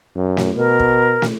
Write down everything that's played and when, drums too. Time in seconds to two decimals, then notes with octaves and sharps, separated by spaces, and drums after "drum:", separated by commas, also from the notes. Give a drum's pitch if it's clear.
0.16 F#2
0.37 drum: snare
0.56 B2 A#4
0.80 drum: kick
1.22 drum: snare